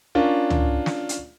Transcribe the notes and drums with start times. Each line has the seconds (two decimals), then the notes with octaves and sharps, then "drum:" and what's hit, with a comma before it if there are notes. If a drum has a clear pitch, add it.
0.15 C#4 D4 F4 A#4
0.50 drum: tom C#2
0.86 drum: snare
1.09 drum: hi-hat